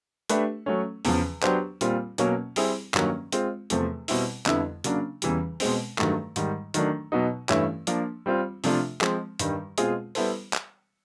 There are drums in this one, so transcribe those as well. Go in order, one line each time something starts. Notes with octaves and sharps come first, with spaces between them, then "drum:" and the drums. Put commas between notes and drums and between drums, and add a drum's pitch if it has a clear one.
A3 D4 G4 B4 E5, drum: hi-hat
F#3 A3 C#4
E2 C#3 F3, drum: open hi-hat
F#3 B3 D4 G4 C5, drum: clap
A#2 G3 C4 F4, drum: hi-hat
B2 F#3 A#3 C#4, drum: hi-hat
G3 C4 E4 G#4, drum: open hi-hat
G2 D#3 F#3 A#3 C#4, drum: clap
G#3 C4 F4, drum: hi-hat
E2 C3 F3 A3 C4, drum: hi-hat
B2 G3 C4 E4, drum: open hi-hat
F2 D3 G3 B3 E4, drum: clap
C#3 F#3 A#3 D4, drum: hi-hat
E2 C#3 E3 G3, drum: hi-hat
B2 G#3 C4, drum: open hi-hat
G2 D#3 F#3 A3, drum: clap
G#2 D#3 G3, drum: hi-hat
D#3 F#3 A3 D4, drum: hi-hat
B2 F#3 B3 D#4
G2 E3 A3 C#4 E4, drum: clap
F3 A#3 D4, drum: hi-hat
G3 C4 F4
C3 F3 A3 D4 F4, drum: open hi-hat
F3 G#3 C4, drum: clap
G2 D#3 G3, drum: hi-hat
B2 G#3 C4 F4 G#4, drum: hi-hat
G3 B3 E4 A4 C5, drum: open hi-hat
drum: clap